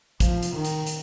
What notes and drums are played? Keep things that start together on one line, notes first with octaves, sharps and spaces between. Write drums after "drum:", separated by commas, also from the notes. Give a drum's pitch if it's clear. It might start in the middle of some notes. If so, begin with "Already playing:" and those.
F3, drum: kick, hi-hat
drum: hi-hat
D#3
drum: hi-hat
drum: hi-hat